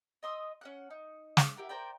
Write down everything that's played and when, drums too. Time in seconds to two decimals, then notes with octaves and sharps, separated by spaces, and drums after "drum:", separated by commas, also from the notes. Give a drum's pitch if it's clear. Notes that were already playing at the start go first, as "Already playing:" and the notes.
0.23 D#5 C6 D#6 E6
0.61 C#4 F#5 F#6
0.90 D#4
1.37 drum: snare
1.56 E4 G4 A#4 F#5
1.69 A#4 C5 D5 G5